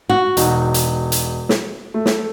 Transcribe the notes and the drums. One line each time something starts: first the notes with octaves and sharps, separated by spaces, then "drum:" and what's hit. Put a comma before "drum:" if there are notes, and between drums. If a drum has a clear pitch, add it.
F#4
E1 D#4, drum: hi-hat
drum: hi-hat
drum: hi-hat
drum: snare
A3
drum: snare